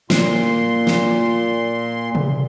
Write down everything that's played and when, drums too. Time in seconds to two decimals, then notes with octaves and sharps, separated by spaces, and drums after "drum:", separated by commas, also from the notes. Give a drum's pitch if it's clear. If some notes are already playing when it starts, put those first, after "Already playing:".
0.10 A#2 C6, drum: snare
0.87 drum: snare
2.15 drum: tom C3